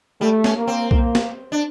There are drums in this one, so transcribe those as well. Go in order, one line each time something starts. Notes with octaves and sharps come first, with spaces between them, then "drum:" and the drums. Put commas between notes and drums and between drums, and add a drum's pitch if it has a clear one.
G3 A3
C#4, drum: snare
A#3
C4
A#3, drum: kick B1
drum: snare
D4